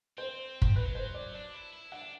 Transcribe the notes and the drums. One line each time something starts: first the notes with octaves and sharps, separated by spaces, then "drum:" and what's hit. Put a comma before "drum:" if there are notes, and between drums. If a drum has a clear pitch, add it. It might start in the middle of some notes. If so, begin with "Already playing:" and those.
C4 C5
drum: kick
F#3 B4
C5
D5
D4
E4
E4
D4 F#5